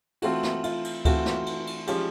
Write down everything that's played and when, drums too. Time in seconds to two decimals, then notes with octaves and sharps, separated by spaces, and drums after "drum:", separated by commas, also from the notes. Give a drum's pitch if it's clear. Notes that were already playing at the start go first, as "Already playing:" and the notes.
0.22 E3 A3 C4 F4 F#4, drum: cymbal
0.43 drum: snare
0.64 F4, drum: cymbal
0.84 drum: cymbal
1.05 E3 A3 C4 F4 F#4, drum: kick D2, cymbal
1.26 drum: snare
1.46 drum: cymbal
1.67 drum: cymbal
1.87 F3 G#3 C#4 F4 G4, drum: cymbal